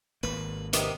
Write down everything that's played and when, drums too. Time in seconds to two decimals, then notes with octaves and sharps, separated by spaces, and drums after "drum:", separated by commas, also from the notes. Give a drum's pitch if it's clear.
0.23 G#1 A#3 B4
0.73 C3 D#3 B3, drum: hi-hat